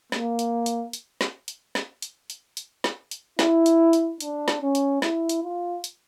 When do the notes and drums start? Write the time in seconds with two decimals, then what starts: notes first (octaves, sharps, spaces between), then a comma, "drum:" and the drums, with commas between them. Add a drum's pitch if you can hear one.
0.12 A#3, drum: snare
0.39 drum: hi-hat
0.66 drum: hi-hat
0.93 drum: hi-hat
1.21 drum: snare
1.48 drum: hi-hat
1.75 drum: snare
2.02 drum: hi-hat
2.30 drum: hi-hat
2.57 drum: hi-hat
2.84 drum: snare
3.11 drum: hi-hat
3.39 E4, drum: snare
3.66 drum: hi-hat
3.93 drum: hi-hat
4.20 D4, drum: hi-hat
4.48 drum: snare
4.62 C#4
4.75 drum: hi-hat
5.02 E4, drum: snare
5.29 drum: hi-hat
5.43 F4
5.84 drum: hi-hat